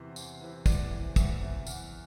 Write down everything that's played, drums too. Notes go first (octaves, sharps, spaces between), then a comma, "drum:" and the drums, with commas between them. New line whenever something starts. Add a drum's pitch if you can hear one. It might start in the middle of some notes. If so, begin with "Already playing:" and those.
Already playing: E2 C3 E3 C5
E2, drum: tambourine
C3 E3
E2 D5, drum: kick, tambourine
C3 E3
E2 E5, drum: kick, tambourine
C3 E3
E2, drum: tambourine